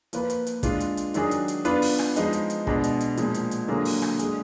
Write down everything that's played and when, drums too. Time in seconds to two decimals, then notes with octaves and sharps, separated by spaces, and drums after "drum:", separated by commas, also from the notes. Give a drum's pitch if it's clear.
0.13 F3 A#3 F4 B4, drum: hi-hat
0.30 drum: hi-hat
0.47 drum: hi-hat
0.63 G#3 D4 F4, drum: kick, hi-hat
0.80 drum: hi-hat
0.97 drum: hi-hat
1.14 D#3 F#3 D4 G#4, drum: hi-hat
1.31 drum: hi-hat
1.48 drum: hi-hat
1.65 B3 D4 F4 B4, drum: hi-hat
1.82 drum: open hi-hat
1.99 drum: rim click
2.16 F3 G#3 D#4, drum: hi-hat
2.33 drum: hi-hat
2.50 drum: hi-hat
2.67 B2 G#3 D4, drum: kick
2.84 drum: hi-hat
3.00 drum: hi-hat
3.17 A#2 F3 G#3, drum: hi-hat
3.34 drum: hi-hat
3.51 drum: hi-hat
3.68 D3 F#3 A#3 D4 G#4
3.85 drum: open hi-hat
4.02 drum: rim click
4.19 G#3 D4 G#4, drum: hi-hat